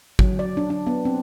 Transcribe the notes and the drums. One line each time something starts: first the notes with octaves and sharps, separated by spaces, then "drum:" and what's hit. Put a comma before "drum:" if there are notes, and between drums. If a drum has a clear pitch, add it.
F#3, drum: kick
D5
D4
D4
B3
C4